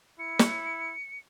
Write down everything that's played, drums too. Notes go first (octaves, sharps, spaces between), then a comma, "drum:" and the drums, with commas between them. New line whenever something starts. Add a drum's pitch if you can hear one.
E4 C#7
drum: snare